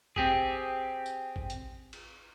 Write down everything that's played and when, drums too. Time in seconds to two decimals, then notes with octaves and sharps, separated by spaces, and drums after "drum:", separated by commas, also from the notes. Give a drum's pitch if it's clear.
0.16 C4 G4 G#4, drum: kick G#1
1.06 drum: tambourine
1.36 drum: kick G#1
1.50 drum: hi-hat
1.93 drum: cymbal